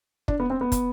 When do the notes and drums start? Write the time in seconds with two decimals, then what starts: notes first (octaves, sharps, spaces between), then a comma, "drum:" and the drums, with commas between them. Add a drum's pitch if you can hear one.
0.28 D4, drum: kick
0.40 B3
0.50 C4
0.61 B3
0.72 drum: kick, hi-hat